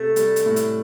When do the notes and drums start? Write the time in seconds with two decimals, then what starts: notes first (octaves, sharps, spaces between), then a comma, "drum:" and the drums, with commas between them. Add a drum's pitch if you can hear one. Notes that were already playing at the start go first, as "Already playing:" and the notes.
Already playing: C3 A3
0.16 G3, drum: hi-hat
0.36 drum: hi-hat
0.46 A2
0.56 drum: hi-hat